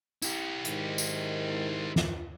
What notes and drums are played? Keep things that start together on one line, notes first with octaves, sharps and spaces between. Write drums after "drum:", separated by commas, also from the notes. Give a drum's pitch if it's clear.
E4 G4, drum: tambourine
G#2 D#3, drum: hi-hat
drum: tambourine
drum: snare